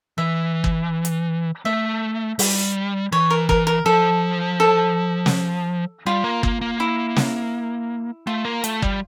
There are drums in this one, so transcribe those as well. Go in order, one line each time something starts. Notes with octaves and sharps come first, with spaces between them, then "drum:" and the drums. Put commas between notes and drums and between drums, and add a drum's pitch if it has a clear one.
E3 E5
drum: kick
drum: hi-hat
A3 E5
G3, drum: open hi-hat
E3 C#5
A#4
A#4, drum: kick
A#4
F3 A4
A4
drum: snare
G3 F4
A#3
A#3, drum: kick
A#3
E4
drum: snare
A3 F4
A#3
A3, drum: hi-hat
G3, drum: kick